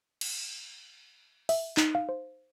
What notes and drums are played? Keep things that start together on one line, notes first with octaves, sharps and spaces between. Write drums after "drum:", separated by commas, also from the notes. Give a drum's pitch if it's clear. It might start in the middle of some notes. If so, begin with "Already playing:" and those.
drum: cymbal
E5, drum: open hi-hat
D#4, drum: clap
F5
C5